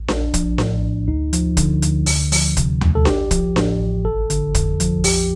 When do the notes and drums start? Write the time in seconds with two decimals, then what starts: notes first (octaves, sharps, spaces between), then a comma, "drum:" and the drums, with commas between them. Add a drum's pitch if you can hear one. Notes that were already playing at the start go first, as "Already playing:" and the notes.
Already playing: A1
0.08 A#1 D4, drum: snare D4
0.34 F3, drum: kick, hi-hat
0.58 A2, drum: snare D4
0.83 A#1
1.08 D2 D#4
1.33 F3, drum: hi-hat
1.57 D3, drum: kick, hi-hat
1.82 D2, drum: hi-hat
2.06 D2, drum: open hi-hat
2.32 F3, drum: open hi-hat
2.57 C3, drum: kick, hi-hat
2.81 D2, drum: tom D#2
2.95 A4
3.05 A1 G4, drum: snare D4
3.31 F3, drum: kick, hi-hat
3.56 A2, drum: snare D4
3.80 A1
4.05 G1 A4
4.30 D3, drum: hi-hat
4.55 F2, drum: kick, hi-hat
4.80 F3, drum: hi-hat
5.04 A#1 G4, drum: open hi-hat